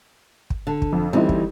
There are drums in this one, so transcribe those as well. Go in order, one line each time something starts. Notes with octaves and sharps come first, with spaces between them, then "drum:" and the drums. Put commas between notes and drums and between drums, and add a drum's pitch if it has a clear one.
drum: kick
D3
drum: kick
F2
D2 E3 G3 C4 D#4 E4
drum: kick